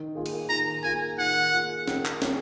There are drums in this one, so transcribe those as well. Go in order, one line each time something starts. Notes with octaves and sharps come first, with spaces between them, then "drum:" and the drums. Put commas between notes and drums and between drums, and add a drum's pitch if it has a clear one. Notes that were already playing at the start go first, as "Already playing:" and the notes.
Already playing: D#3
A#3 F4 G#4
drum: cymbal
D#3 A#5
A#3 F4 G#4 G#5
D#3 F#5
A#3 F4 G#4
D#3, drum: snare
drum: clap
A#3 F4 G#4, drum: snare